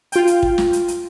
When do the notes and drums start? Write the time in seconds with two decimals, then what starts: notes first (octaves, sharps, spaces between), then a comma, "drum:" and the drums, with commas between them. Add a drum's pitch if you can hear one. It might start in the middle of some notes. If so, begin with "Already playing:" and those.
0.12 F4 G5, drum: hi-hat
0.27 drum: hi-hat
0.43 drum: kick
0.58 drum: snare
0.73 drum: hi-hat
0.88 drum: hi-hat